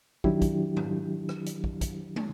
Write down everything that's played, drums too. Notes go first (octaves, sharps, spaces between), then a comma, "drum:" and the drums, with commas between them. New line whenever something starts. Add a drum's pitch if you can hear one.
D#3 F#3 D4 E4 G4, drum: kick
drum: kick, hi-hat
drum: tom
drum: rim click
drum: hi-hat
drum: kick
drum: kick, hi-hat
drum: tom